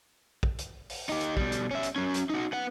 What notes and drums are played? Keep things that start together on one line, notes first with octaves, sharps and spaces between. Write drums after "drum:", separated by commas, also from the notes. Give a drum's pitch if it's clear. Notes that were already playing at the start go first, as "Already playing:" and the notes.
drum: kick A#1
drum: hi-hat
drum: open hi-hat
D#4 G4
drum: hi-hat
B2 G3, drum: kick A#1
drum: hi-hat
C#4 E5
drum: hi-hat
F#3 C#4
drum: hi-hat
D#4 F#4
B3 F#5